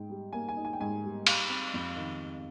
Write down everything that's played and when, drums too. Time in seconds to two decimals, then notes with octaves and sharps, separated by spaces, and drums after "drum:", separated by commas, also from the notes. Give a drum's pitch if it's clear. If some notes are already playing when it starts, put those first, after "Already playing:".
Already playing: G#2 G5
0.10 G3
0.33 A#3 G#5
0.49 G#5
0.57 D#4
0.65 G#5
0.73 G5
0.80 G#2 G#5
1.04 G3
1.27 G3 F5, drum: cymbal
1.49 C4
1.74 F2
1.96 D#3